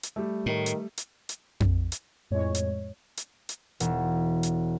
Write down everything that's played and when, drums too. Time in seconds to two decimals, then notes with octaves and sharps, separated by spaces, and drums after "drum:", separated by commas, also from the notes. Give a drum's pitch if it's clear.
0.03 drum: hi-hat
0.16 G3 A3
0.46 A2 D#3
0.66 drum: hi-hat
0.98 drum: hi-hat
1.29 drum: hi-hat
1.60 drum: tom F2
1.92 drum: hi-hat
2.31 F2 A2 G#3 C#5
2.55 drum: hi-hat
3.17 drum: hi-hat
3.49 drum: hi-hat
3.80 E1, drum: hi-hat
4.43 drum: hi-hat